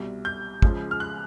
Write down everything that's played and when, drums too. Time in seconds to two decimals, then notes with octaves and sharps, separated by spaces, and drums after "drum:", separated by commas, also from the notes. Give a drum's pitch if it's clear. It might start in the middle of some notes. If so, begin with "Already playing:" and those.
Already playing: C2 B2 G3
0.25 G6
0.62 C#2 C#3 F3 G#3, drum: kick
0.91 F6
1.00 F#6